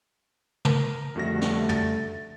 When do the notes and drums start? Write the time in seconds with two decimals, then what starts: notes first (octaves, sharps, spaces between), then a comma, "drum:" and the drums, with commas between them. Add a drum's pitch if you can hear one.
0.65 A#4, drum: tom
1.16 F2 D3 G3 A3 F#4 A#6
1.41 drum: snare
1.69 A6, drum: tom